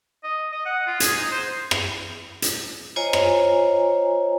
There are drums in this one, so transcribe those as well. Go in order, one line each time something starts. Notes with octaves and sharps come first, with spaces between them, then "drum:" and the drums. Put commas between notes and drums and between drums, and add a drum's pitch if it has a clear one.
D#5
D#5
F#5
F4
G#4, drum: hi-hat
D#4
C5
drum: rim click
drum: hi-hat
F4 C5 C#5 D#5 G#5 A#5
drum: rim click